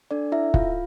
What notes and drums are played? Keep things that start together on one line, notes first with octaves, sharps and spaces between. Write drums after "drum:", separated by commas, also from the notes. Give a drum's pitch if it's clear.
D4 A4 D5
E4 E5
F4 F5, drum: kick